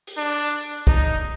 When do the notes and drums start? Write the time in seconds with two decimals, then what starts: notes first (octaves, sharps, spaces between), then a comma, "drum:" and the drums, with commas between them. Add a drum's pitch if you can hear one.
0.07 drum: open hi-hat
0.17 D4
0.87 D#4, drum: kick